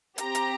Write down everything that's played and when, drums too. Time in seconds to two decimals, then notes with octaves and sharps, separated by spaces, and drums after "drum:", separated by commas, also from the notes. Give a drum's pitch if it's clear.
0.18 C4 G4 A#5, drum: hi-hat
0.35 drum: hi-hat